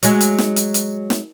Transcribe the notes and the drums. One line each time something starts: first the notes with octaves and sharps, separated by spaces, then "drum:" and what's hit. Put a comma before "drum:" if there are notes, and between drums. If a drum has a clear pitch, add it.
F#3 G#3, drum: hi-hat
drum: hi-hat
drum: snare
drum: hi-hat
drum: hi-hat
drum: snare